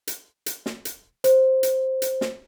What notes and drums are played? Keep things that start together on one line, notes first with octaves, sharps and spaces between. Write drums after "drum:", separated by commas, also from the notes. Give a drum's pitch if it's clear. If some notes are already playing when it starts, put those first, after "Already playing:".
drum: hi-hat
drum: hi-hat
drum: snare
drum: hi-hat
C5, drum: hi-hat
drum: hi-hat
drum: hi-hat
drum: snare